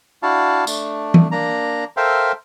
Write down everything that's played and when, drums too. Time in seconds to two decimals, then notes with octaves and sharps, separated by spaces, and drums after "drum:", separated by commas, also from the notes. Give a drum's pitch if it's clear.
0.23 D4 E4 F#4 F5 A5
0.67 A3 D4, drum: tambourine
1.14 drum: tom E3
1.32 A#3 D4 A#5
1.97 A4 A#4 C5 E5 F5 G5